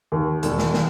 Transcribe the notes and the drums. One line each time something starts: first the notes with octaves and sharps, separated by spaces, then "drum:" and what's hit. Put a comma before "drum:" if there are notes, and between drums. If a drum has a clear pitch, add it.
D#2
E1, drum: hi-hat
drum: snare
drum: snare